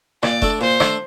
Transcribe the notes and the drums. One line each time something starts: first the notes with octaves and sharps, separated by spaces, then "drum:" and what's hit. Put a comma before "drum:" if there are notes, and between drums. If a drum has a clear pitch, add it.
A#2 D5, drum: rim click
A3 D4 A4, drum: kick F1
A#2 C5
A3 D4 A4, drum: rim click